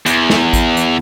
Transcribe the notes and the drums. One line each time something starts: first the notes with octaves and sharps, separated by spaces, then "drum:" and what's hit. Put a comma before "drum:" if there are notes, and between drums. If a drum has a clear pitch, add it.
E2, drum: hi-hat
drum: snare
drum: kick A1, hi-hat
drum: hi-hat